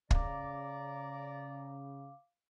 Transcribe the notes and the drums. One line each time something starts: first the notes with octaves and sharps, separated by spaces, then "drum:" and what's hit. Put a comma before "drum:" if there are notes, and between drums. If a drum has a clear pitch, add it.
C#3 D5 F5 A#5 D6, drum: kick